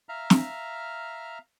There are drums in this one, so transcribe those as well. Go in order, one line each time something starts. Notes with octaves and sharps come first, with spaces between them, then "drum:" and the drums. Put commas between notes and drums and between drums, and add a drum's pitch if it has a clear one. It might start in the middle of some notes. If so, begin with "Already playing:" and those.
E5 F5 A#5 F6
drum: snare